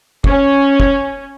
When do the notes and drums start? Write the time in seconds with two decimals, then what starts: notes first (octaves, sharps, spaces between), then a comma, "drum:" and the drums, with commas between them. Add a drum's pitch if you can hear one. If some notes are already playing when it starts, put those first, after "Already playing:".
0.24 C#4, drum: kick
0.80 drum: kick